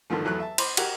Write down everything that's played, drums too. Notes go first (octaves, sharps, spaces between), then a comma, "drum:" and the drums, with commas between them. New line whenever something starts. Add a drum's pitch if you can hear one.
G2 D3 D#3 F3 A3
E2 F#3 A3 B3 F#6
E5 A5
C5 B5 C6 D6, drum: cymbal
F#4 G4 A#4 F#5, drum: cymbal